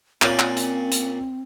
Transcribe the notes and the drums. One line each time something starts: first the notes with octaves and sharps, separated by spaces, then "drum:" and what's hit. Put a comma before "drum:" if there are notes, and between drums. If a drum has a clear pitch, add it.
A#2 C4 C#4 D5, drum: clap
drum: clap
drum: hi-hat
drum: hi-hat